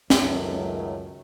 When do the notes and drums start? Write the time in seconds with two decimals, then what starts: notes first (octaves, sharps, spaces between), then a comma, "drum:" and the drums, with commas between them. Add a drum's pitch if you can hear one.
0.10 C#2 F#2 D#3 F#3 A3, drum: snare